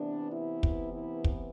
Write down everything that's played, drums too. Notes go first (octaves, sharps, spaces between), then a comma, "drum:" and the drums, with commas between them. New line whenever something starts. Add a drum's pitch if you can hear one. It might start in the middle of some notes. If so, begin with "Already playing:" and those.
Already playing: C3 E3 B3 D4
E4
drum: kick
E4
drum: kick